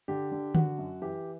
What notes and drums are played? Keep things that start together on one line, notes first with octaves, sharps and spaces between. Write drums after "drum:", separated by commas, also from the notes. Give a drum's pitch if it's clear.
D3 G4
D3
D3 F#4, drum: tom D3
F#2
E3 G4